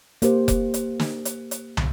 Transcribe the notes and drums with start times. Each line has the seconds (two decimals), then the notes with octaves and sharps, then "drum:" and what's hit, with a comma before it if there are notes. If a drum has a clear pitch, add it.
0.22 A#3 G4 C5, drum: hi-hat
0.48 drum: kick F1, hi-hat
0.74 drum: hi-hat
1.00 drum: snare
1.25 drum: hi-hat
1.51 drum: hi-hat
1.77 drum: tom